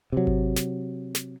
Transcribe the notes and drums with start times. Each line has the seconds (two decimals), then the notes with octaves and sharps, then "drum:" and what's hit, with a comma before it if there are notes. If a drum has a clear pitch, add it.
0.12 C3 F#3
0.27 drum: kick G#1
0.56 drum: snare
1.15 drum: snare